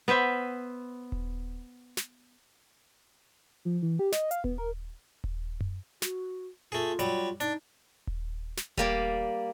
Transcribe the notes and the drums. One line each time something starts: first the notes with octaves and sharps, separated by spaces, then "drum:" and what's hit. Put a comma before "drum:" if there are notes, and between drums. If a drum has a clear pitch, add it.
B3 B4 C5 E5
drum: kick D#1
drum: snare
F3
E3
G4
D#5, drum: snare
F5, drum: hi-hat
B3, drum: kick D#1
A#4
drum: kick D#1
drum: tom F#2
F#4, drum: snare
A3 F4 G#4
F#3 G3, drum: hi-hat
D4 D#4, drum: hi-hat
drum: kick D#1
drum: snare
G3 A#3 D5, drum: kick D#1